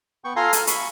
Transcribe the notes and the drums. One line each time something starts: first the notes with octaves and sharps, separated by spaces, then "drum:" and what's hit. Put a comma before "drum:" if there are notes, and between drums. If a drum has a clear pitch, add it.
B3 G5 C#6
F4 A4 F5 G#5 A#5 C6
F6, drum: hi-hat
B5 C#6, drum: hi-hat